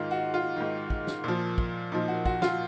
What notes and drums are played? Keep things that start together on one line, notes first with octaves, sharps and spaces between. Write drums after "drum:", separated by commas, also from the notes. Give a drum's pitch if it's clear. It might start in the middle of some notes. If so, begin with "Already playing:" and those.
Already playing: G#2 D#3 F4
F#4
F4
G#2 D#3
drum: kick
drum: snare
A#2 F3
drum: kick
A#2 F3 D#4
F#4
F#4, drum: kick
F4, drum: snare